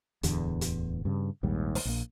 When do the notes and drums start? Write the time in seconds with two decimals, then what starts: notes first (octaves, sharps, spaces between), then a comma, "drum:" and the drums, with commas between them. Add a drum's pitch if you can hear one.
0.23 D1 E2 D3, drum: hi-hat
0.61 drum: hi-hat
1.05 G2 C#3
1.43 A#1 D#2 G#2 G3
1.75 drum: open hi-hat
1.85 A#1 A#3